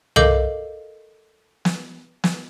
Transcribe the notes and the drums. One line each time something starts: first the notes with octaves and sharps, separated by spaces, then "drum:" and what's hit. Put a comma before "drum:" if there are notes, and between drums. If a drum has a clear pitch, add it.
A4 A#4 D#5 F5 D6 G6, drum: tom C2
drum: snare
drum: snare